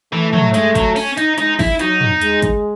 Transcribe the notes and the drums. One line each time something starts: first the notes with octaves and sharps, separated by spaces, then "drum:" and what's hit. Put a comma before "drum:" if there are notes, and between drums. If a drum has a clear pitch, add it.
E3 A3
F#3, drum: tom
G#3, drum: hi-hat
F#3, drum: kick, hi-hat
C#4, drum: open hi-hat
D#4, drum: hi-hat
G#3 D#4, drum: hi-hat
E4, drum: kick, open hi-hat
F#3 D#4, drum: hi-hat
drum: tom
G#3, drum: hi-hat
drum: kick, hi-hat